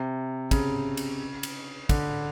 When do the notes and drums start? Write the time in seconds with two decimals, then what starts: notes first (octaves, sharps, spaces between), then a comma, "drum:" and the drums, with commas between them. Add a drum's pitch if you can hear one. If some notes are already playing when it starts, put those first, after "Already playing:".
Already playing: C3
0.51 C#3, drum: kick, cymbal
0.97 drum: cymbal
1.43 drum: cymbal
1.89 D3, drum: kick, cymbal